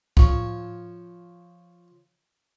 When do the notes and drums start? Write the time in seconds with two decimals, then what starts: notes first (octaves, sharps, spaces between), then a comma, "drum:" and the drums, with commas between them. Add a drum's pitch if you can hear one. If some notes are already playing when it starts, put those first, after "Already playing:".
0.17 F3 C#5, drum: kick